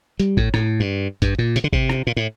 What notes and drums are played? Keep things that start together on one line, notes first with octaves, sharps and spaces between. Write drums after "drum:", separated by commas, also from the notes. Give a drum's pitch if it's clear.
G3, drum: hi-hat
A2, drum: kick
A2, drum: rim click
G2
G2, drum: kick, hi-hat
A#2
C3, drum: hi-hat
D3
C3, drum: kick
drum: rim click
A#2
A2